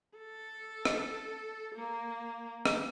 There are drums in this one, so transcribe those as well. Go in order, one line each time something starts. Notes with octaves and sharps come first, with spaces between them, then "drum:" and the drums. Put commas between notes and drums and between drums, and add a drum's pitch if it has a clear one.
A4
drum: rim click
A#3
drum: rim click